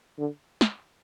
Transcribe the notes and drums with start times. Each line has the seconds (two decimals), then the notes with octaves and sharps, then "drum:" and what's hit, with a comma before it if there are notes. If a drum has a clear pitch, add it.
0.18 D3
0.61 drum: snare